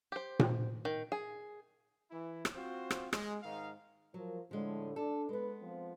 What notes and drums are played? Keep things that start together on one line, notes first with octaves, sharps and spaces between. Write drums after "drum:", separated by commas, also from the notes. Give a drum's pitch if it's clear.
G4 C5
drum: tom A#2
D#3
G#4
E3 E4
drum: rim click
C4 F4 F#4 C5
drum: rim click
G#3, drum: rim click
G#2 D#3 D#4 F5
F3 F#3 A#4
A2 D3 F3 G#3
D4 A4
G#3 B3 B4
F3 C4